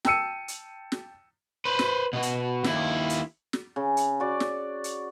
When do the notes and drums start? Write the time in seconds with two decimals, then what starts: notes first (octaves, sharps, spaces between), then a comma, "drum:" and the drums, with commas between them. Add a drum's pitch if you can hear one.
0.05 G5 A5 E6 C#7 D#7, drum: snare
0.48 drum: hi-hat
0.92 drum: snare
1.65 B4 C5
1.79 drum: snare
2.13 B2 B3
2.22 drum: hi-hat
2.64 D#2 E4, drum: snare
3.10 drum: hi-hat
3.53 drum: snare
3.76 C#3
3.97 drum: hi-hat
4.20 F#4 D5
4.40 drum: snare
4.84 drum: hi-hat